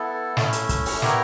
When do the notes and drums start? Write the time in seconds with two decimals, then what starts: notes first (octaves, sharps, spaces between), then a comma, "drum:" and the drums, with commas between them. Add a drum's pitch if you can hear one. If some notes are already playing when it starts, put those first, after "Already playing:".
Already playing: B3 E4 A4
0.37 A3 C#4 E4, drum: snare
0.53 drum: hi-hat
0.69 drum: kick, hi-hat
0.86 drum: open hi-hat
1.02 B3 E4 G4 A#4 C#5, drum: snare